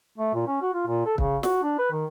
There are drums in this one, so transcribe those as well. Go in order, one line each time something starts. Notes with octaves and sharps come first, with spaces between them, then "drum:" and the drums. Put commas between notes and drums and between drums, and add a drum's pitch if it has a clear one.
A3
A#2
C#4
F#4
F4
A#2
A4
C#3, drum: kick
F#4, drum: snare
D4
B4
D#3